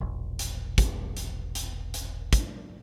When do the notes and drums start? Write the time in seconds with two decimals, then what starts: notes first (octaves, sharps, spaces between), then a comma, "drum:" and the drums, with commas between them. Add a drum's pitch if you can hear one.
0.01 E1 A#1
0.39 drum: hi-hat
0.78 drum: kick, hi-hat
1.17 drum: hi-hat
1.55 drum: hi-hat
1.94 drum: hi-hat
2.33 drum: kick, hi-hat